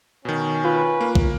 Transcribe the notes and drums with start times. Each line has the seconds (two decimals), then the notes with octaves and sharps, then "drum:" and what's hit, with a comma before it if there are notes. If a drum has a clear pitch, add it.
0.25 B2 D#3 C#4
0.64 F4 B4
1.01 A#3
1.15 drum: kick